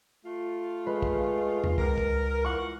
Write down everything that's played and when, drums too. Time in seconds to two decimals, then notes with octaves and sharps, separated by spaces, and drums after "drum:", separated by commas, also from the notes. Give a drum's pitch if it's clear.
0.24 A3 F4
0.86 G#3 B4
1.02 drum: kick
1.64 drum: tom E2
1.78 C#2 A#4, drum: kick
1.98 drum: kick
2.44 E3 F4 F#5 C#6